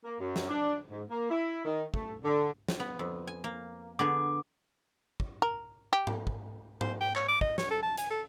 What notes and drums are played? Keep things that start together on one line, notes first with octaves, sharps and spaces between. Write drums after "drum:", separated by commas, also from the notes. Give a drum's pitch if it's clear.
A#3
F#2
drum: snare
D4
G#2
A#3
E4
D#3
A3, drum: kick
D3
drum: snare
B3
F2
G#5
A#3
D3 B3 G#4 D6
drum: kick
A#4
G4
drum: tom G#2
drum: kick
C5, drum: tom G#2
G5
C#5, drum: clap
D6
D#5, drum: kick
C#5, drum: snare
A4
A5
G#5, drum: hi-hat
A4